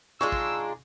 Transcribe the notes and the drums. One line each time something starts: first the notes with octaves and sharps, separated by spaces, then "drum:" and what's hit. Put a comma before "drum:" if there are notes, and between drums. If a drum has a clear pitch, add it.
G#3 D4 D#4 F4 G#4 C#6 E6
drum: kick